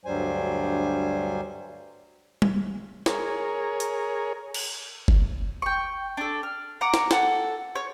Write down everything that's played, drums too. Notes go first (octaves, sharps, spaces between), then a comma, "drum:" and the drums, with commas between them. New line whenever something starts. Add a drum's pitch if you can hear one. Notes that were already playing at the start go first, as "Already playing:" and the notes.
D2 G2 F#3 G3 C5 G#5
drum: tom G3
G#4 A#4 C#5, drum: snare
drum: hi-hat
drum: cymbal
drum: kick F#1
G5 C#6
D4 A4
F6
F#5 A#5 D6
drum: snare
A4 F#5, drum: snare
C#5